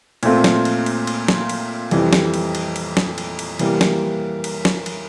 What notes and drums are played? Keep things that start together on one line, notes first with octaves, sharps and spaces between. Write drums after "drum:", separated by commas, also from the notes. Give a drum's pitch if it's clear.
A#2 A3 C4 F4, drum: cymbal
drum: snare
drum: cymbal
drum: cymbal
drum: cymbal
drum: snare
drum: cymbal
F2 E3 G3, drum: cymbal
drum: snare
drum: cymbal
drum: cymbal
drum: cymbal
drum: snare
drum: cymbal
drum: cymbal
E3 G3 A#3, drum: cymbal
drum: snare
drum: cymbal
drum: snare
drum: cymbal